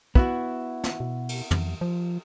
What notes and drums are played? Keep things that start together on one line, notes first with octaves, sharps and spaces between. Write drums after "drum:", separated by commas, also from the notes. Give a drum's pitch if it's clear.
B3 E4 F#4, drum: kick
drum: snare
B2
drum: cymbal
F2, drum: tom
F3